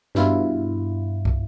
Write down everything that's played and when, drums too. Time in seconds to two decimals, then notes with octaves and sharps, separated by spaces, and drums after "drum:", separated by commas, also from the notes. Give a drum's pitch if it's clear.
0.15 G2 B2 E4 F4, drum: snare
1.25 drum: kick